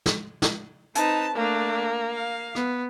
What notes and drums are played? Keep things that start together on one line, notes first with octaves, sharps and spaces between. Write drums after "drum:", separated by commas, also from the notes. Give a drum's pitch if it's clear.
drum: snare
drum: snare
C4 D#4 B4 A5, drum: hi-hat
A3 A#3 D4
F5
B3, drum: rim click